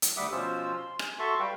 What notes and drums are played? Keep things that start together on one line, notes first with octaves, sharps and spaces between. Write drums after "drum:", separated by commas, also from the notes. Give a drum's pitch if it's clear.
drum: hi-hat
D2 G3 E5 F#5 D6 D#6
B2 F3 C#4 F4 C5 E6
C6
G#5, drum: rim click
F#4 A4 E5 A5 C6 C#6
G3 B4 F5 G5